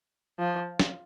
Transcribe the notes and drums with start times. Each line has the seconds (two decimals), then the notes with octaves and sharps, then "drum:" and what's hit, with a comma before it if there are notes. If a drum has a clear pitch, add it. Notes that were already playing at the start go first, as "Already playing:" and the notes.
0.39 F3
0.80 drum: snare